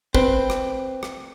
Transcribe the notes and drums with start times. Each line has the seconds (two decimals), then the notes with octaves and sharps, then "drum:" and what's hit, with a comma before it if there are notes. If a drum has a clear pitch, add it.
0.14 C4 B4, drum: kick
0.50 drum: rim click
1.03 drum: rim click